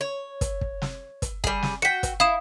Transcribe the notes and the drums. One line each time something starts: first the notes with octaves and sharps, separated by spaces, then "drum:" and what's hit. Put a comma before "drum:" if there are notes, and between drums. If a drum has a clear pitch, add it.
C#5
drum: kick, hi-hat
drum: kick
drum: snare
drum: kick, hi-hat
G3 G#4, drum: kick
drum: snare
F#4 G5 B6 C#7
drum: kick, hi-hat
E4 F5 D#6 E7